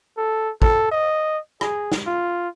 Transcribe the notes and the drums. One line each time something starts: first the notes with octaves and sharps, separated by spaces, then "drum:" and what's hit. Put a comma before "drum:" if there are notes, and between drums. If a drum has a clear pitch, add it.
A4
A4, drum: kick
D#5
G#4, drum: rim click
drum: snare
F4